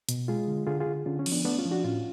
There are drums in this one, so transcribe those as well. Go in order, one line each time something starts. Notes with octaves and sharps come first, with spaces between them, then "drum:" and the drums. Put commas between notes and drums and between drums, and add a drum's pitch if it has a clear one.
B2, drum: hi-hat
G#3 F4 G#4
D3
D3 F4 G#4
F4 G#4
D3
D3 C#4 F4
C#4
F3, drum: cymbal
B3 D4
A3 B3 D4
C#4 F4
F3
D4 F#4
A2 C#4 F4